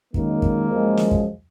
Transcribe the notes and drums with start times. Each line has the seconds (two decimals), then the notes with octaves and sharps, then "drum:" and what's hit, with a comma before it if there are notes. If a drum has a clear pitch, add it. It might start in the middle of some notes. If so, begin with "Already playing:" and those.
0.14 F#2 D#3 G#3 A#3, drum: kick
0.42 drum: kick
0.70 F#2 F3 G#3
0.97 drum: snare
1.11 drum: kick